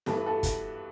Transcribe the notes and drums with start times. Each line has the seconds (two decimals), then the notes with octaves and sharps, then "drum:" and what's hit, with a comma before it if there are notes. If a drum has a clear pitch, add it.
0.06 G2 E3 B3 A4, drum: snare
0.16 B4
0.26 F#4 A4
0.43 drum: kick, hi-hat